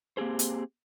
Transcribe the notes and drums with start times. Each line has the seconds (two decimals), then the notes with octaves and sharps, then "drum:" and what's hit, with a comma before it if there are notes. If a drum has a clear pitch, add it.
0.17 A#3 C4 G4 G#4 C5
0.39 drum: hi-hat